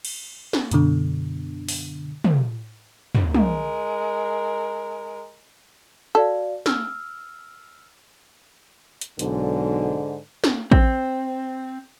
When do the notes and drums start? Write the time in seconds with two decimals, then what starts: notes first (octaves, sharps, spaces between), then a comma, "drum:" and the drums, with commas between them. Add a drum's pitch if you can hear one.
0.05 drum: cymbal
0.53 drum: snare
0.71 F#2 B2 D3, drum: hi-hat
1.69 drum: open hi-hat
2.24 drum: tom
3.15 drum: tom
3.35 G#3 A#4, drum: tom
6.15 F#4 A4 D5 F5
6.66 E6 F6, drum: snare
9.01 drum: hi-hat
9.19 B1 G#2 D3, drum: hi-hat
10.44 drum: snare
10.72 C4, drum: kick A1